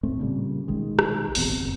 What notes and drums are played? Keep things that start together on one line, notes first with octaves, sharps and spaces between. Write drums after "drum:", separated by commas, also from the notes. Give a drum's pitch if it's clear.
D1 A2 A3 C4
A#2 C#3 G3
B1 D#3 G#3
drum: rim click
E1 A1 B2 C4, drum: open hi-hat
F#1